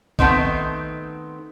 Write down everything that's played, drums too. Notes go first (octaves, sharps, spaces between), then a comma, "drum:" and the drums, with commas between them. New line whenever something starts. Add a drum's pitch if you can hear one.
D#3 A3 B3 C4 D#4, drum: kick